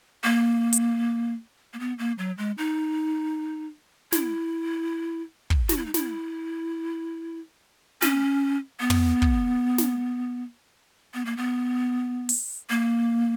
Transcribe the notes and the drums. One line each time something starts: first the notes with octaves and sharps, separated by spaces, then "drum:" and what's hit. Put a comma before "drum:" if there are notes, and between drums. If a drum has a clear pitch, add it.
A#3
drum: hi-hat
A#3
B3
A#3
F#3
G#3
D#4
E4, drum: snare
drum: kick
F#4, drum: snare
E4
D#4
E4, drum: snare
C#4, drum: snare
B3
drum: tom
drum: kick
drum: snare
B3
A#3
B3
drum: open hi-hat
A#3